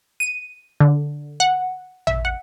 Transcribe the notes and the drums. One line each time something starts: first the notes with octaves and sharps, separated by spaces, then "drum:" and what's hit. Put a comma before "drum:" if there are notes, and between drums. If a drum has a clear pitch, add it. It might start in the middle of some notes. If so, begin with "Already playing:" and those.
D#7
D3
F#5
E5, drum: tom
F#5